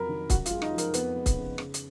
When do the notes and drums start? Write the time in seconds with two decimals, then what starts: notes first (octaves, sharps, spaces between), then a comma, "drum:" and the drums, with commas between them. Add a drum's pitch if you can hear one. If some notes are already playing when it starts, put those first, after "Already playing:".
Already playing: F2 F#3 A#4 A#5 B5
0.09 D#3
0.30 F#2 F#4 F#5, drum: kick C#1, hi-hat
0.46 F4 F5, drum: hi-hat
0.51 G#3
0.62 D#4 D#5, drum: rim click
0.73 F3
0.78 A#4, drum: hi-hat
0.94 F2 B3 B4, drum: hi-hat
1.16 G#3
1.26 drum: kick C#1, hi-hat
1.36 C#3
1.58 C#3, drum: rim click
1.74 drum: hi-hat